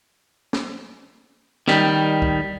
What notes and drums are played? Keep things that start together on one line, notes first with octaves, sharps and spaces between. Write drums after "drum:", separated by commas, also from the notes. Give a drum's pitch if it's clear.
drum: snare
D#3 G3, drum: snare
drum: kick